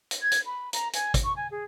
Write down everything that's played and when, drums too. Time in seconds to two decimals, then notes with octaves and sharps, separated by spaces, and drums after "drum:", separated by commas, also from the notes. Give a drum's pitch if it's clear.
0.11 drum: hi-hat
0.21 G#6
0.32 drum: hi-hat
0.45 B5
0.73 A#5, drum: hi-hat
0.93 G#5, drum: hi-hat
1.14 drum: kick, hi-hat
1.24 C#6
1.36 G#5
1.50 G#4